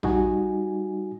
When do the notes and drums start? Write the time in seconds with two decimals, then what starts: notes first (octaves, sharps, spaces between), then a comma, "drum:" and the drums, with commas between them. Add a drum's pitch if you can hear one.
0.03 G3 D#4 F#4 G#5, drum: tom A#1